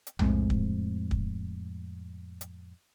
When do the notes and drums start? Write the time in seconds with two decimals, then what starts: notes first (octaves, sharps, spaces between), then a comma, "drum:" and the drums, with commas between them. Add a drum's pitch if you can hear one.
0.07 drum: hi-hat
0.19 F2 A2 G#3 C4, drum: tom B1
0.50 drum: kick
1.11 drum: kick
2.41 drum: hi-hat